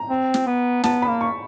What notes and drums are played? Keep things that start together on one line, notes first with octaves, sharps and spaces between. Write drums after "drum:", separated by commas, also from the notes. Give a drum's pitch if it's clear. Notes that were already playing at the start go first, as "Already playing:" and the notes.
Already playing: A#5
C4
drum: snare
B3
B3 A5, drum: snare
B5
A#3
C#6